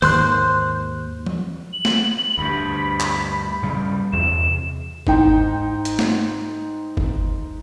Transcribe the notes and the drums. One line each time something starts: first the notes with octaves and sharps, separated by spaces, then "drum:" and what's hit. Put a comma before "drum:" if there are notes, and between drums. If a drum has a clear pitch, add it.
D#2 G#2 C5 C6 F#6, drum: open hi-hat
drum: tom E3
F#7
drum: snare
D2 G2 B5
drum: clap
G2 C#3 G3
E2 C3 E7
G#2 D#4 G5, drum: kick G1
drum: hi-hat
drum: snare
drum: kick G1